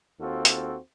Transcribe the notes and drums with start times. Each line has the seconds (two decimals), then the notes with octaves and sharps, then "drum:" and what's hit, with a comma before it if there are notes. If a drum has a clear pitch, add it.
0.20 D#2 C4 F4 F#4 A4
0.45 drum: hi-hat